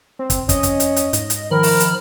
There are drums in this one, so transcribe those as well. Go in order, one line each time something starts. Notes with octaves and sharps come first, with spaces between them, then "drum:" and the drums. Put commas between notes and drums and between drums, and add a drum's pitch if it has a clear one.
C4
drum: kick, hi-hat
F2 C#4 D#5, drum: kick, hi-hat
drum: kick, hi-hat
drum: hi-hat
drum: hi-hat
G#2, drum: hi-hat
drum: hi-hat
D#3 F3 A#4 B5 F6
drum: open hi-hat
drum: hi-hat